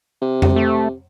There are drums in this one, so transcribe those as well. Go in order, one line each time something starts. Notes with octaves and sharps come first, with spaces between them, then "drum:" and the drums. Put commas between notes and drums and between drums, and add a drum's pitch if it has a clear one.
C3
drum: tom F2
A3